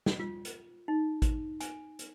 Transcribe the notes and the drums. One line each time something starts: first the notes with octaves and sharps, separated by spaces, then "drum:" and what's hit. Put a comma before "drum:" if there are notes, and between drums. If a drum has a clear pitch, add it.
drum: snare
F4
drum: hi-hat
D#4
drum: kick A1, hi-hat
G#5, drum: hi-hat
drum: hi-hat